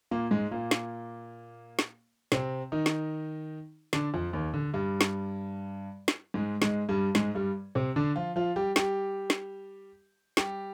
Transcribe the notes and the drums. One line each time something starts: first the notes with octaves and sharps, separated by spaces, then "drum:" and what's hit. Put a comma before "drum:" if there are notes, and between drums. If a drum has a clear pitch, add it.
A#2 A#3
G#2 G#3
A#2 A#3
drum: snare
drum: snare
C3 C4, drum: snare
D#3 D#4
drum: snare
D3 D4, drum: snare
F2 F3
D#2 D#3
D3
G2 G3
drum: snare
drum: snare
G#2 G#3
G#2 G#3, drum: snare
G2 G3
G#2 G#3, drum: snare
G2 G3
C3 C4
D3 D4
F3 F4
F3 F4
G3 G4
G3 G4, drum: snare
drum: snare
G3 G4, drum: snare